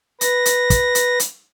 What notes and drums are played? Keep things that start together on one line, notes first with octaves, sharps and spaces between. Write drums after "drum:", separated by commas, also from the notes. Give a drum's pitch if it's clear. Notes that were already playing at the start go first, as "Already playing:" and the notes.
B4 A#6, drum: hi-hat
drum: hi-hat
drum: kick, hi-hat
drum: hi-hat
drum: hi-hat